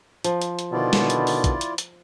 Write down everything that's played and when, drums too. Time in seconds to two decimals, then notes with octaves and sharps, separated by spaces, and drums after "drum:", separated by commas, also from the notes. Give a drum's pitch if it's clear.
0.24 F3, drum: hi-hat
0.42 drum: hi-hat
0.59 drum: hi-hat
0.72 B2 D3 D#3 E4 F4 D5
0.93 drum: snare
1.10 drum: hi-hat
1.27 drum: open hi-hat
1.44 drum: kick, hi-hat
1.61 drum: hi-hat
1.78 drum: hi-hat